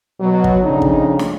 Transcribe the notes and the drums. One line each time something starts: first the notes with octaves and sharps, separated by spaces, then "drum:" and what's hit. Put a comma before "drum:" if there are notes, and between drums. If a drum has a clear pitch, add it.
B2 F#3
drum: kick
F2 C#3 D4 D#4
drum: kick
drum: snare